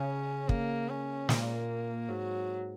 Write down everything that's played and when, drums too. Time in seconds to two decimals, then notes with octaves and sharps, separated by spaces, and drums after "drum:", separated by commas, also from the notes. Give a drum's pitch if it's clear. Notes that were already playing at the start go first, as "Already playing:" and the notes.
Already playing: C#3 C#4
0.49 A#3, drum: kick
0.89 C#4
1.29 A#2 A#3, drum: snare
2.09 G#2 F#3